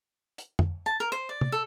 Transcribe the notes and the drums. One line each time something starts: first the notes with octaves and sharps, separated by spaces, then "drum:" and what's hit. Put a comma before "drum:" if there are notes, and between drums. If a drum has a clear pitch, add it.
drum: hi-hat
drum: tom F2
A5
A#4
C5
D5
drum: tom
A4